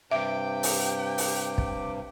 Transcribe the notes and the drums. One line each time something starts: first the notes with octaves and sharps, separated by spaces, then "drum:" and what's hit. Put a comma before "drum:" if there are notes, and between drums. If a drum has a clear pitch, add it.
G2 C3 E5 G5 D6
drum: open hi-hat
drum: open hi-hat
drum: kick